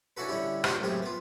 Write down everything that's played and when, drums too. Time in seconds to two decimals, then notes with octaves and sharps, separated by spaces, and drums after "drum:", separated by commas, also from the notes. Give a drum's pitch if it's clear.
0.17 C#4 D4 E4 F#4 A4 B4
0.28 D3 G3 C#4 E4 G4
0.64 A#2 D4 F#4 G4 C5 G5, drum: rim click
0.80 C#2 F#2 A2 C4 G4 G#4
1.02 B3 F4